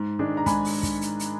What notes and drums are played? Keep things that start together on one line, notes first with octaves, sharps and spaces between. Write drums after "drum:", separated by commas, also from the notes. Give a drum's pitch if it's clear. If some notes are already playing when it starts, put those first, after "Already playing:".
Already playing: G#2
D#3 G#3 D4
A#5
G#2 G#5 B5, drum: kick, hi-hat
drum: open hi-hat
drum: kick, hi-hat
drum: hi-hat
drum: hi-hat